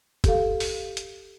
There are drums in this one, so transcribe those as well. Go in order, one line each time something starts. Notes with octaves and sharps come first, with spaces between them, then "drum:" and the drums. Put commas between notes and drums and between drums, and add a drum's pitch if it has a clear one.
G4 A4 F5, drum: kick, hi-hat
drum: open hi-hat
drum: hi-hat